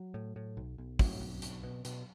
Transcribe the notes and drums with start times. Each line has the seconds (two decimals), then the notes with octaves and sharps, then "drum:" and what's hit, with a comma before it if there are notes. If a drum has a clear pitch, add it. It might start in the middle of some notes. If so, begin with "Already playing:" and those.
Already playing: F#3
0.14 A2
0.36 A2
0.57 B1
0.78 B1
0.99 A2 F#3, drum: kick, open hi-hat
1.21 B1
1.42 B1, drum: hi-hat
1.63 B2
1.85 B2, drum: hi-hat